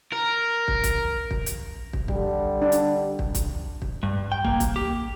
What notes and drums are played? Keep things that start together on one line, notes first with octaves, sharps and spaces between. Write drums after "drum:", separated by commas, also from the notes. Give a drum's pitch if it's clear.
A#4
drum: kick
drum: kick, hi-hat
drum: kick
drum: hi-hat
drum: kick
D3 G3, drum: kick
D4
drum: hi-hat
drum: kick
drum: kick, hi-hat
drum: kick
G2
G5
A#3, drum: kick
drum: kick, hi-hat
G4